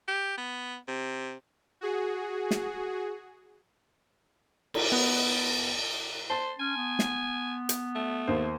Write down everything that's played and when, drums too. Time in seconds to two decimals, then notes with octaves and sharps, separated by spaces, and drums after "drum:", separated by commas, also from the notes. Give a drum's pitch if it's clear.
0.08 G4
0.37 B3
0.88 C3
1.81 F#4 G#4
2.51 drum: snare
4.74 drum: cymbal
4.92 B3
6.30 C5 A5 C6
6.59 C#4 G#5
6.77 B3
6.99 drum: snare
7.69 drum: hi-hat
7.95 A3
8.27 D#2 C5